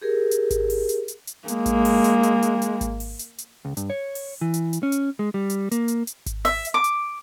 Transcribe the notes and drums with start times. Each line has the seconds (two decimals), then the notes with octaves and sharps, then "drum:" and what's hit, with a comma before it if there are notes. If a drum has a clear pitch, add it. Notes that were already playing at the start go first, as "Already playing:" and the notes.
0.01 G4 G#4 A#4
0.31 drum: hi-hat
0.50 drum: kick G#1, hi-hat
0.70 drum: open hi-hat
0.89 drum: hi-hat
1.08 drum: hi-hat
1.27 drum: hi-hat
1.48 G#3 A#3, drum: hi-hat
1.66 drum: kick G#1, hi-hat
1.85 drum: open hi-hat
2.04 drum: hi-hat
2.23 drum: hi-hat
2.42 drum: hi-hat
2.62 drum: hi-hat
2.81 drum: kick G#1, hi-hat
3.00 drum: open hi-hat
3.19 drum: hi-hat
3.38 drum: hi-hat
3.65 C#2
3.77 G2, drum: hi-hat
3.90 C#5
4.15 drum: open hi-hat
4.41 E3
4.54 drum: hi-hat
4.73 drum: hi-hat
4.83 C#4
4.92 drum: hi-hat
5.19 G#3
5.34 G3
5.50 drum: hi-hat
5.72 A#3, drum: hi-hat
5.88 drum: hi-hat
6.07 drum: hi-hat
6.26 drum: kick G#1, hi-hat
6.45 E5, drum: open hi-hat
6.65 drum: hi-hat
6.74 D6
6.84 drum: hi-hat